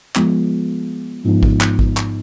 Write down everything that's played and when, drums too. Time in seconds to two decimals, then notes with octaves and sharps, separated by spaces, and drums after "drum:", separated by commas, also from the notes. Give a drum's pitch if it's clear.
0.15 F3 G#3 B3, drum: clap
1.24 G#2 F3 B3 D#4
1.43 drum: kick G#1
1.61 drum: clap
1.79 drum: kick G#1
1.97 drum: clap